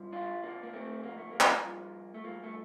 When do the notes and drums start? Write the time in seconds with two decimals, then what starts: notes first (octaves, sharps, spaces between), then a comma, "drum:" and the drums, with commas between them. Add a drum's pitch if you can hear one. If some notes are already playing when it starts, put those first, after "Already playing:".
Already playing: G2 F3
0.12 D4 F4
0.42 F2 D3 F3 A#3 D4
0.63 A#3
0.73 A3 C4
1.03 F2 D3 F3 A#3
1.18 A3
1.31 A#3
1.41 drum: clap
1.64 G2 F3
2.14 A3
2.24 G2 F3 A#3
2.44 A3